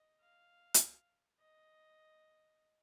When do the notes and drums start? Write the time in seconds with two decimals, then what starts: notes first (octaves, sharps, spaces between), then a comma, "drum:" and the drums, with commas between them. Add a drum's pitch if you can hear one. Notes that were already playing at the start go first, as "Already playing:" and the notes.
Already playing: D#5
0.20 F5
0.74 drum: hi-hat
1.40 D#5